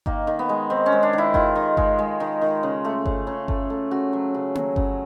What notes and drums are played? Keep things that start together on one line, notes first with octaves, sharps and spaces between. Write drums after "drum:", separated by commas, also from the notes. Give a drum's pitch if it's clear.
D#3 A#3, drum: kick G1
D#3
B3
G#3
D#3 C4
C#4
G#3
D4
D#3 E4
D#3 F4, drum: kick G1
D#3
G#3, drum: kick G1
G#3
D#3
D#3
C#3
A3
C#3, drum: kick G1
C#3
A3, drum: kick G1
A3
C#3 F#4
F#3
C#3
F#3, drum: tom A#3
C#3, drum: kick G1